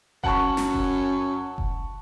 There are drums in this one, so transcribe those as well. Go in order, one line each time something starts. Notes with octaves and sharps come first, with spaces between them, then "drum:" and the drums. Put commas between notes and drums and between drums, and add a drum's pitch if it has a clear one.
F#2 F#5 A5 C#6, drum: kick F1
drum: snare
drum: kick F1
drum: kick F1